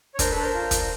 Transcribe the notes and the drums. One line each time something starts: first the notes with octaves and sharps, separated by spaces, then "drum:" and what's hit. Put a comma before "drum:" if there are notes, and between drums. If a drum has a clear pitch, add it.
C#5
D4 A#4 C5, drum: kick, hi-hat
A4 B4
D4
A#4 C5
F4
D4, drum: kick, hi-hat